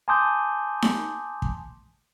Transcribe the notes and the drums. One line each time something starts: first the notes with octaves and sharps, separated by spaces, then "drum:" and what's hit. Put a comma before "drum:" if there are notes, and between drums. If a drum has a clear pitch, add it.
G#5 A5 C6 D6 D#6 G6
drum: snare D#4
drum: kick